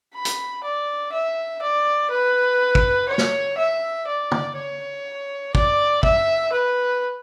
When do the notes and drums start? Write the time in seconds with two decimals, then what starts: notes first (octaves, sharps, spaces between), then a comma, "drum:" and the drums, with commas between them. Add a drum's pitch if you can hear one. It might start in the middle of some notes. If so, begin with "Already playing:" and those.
0.14 B5
0.25 drum: hi-hat
0.64 D5
1.12 E5
1.62 D5
2.10 B4
2.75 drum: kick
3.09 C#5
3.18 drum: snare
3.58 E5
4.07 D5
4.32 drum: tom
4.56 C#5
5.55 D5, drum: kick
6.03 E5, drum: kick
6.52 B4